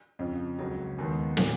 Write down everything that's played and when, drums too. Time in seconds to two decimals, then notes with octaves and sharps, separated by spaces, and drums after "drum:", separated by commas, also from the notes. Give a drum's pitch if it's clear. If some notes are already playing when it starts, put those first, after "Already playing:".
0.19 F2 C#3 F3
0.59 C#2 C#3 F#3
0.98 D#2 D#3 G#3 B3
1.37 A#2 F#3 B3, drum: snare